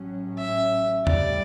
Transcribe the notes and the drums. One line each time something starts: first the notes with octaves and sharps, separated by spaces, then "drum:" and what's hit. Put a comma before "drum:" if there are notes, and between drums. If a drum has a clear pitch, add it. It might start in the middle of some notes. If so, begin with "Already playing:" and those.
Already playing: A1 A2 F#3 C#4
E5
B1 A2 G3 D5, drum: tom E2